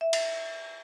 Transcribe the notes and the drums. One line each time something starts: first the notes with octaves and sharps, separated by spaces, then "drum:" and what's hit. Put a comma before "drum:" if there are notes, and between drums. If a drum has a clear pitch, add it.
E5
drum: cymbal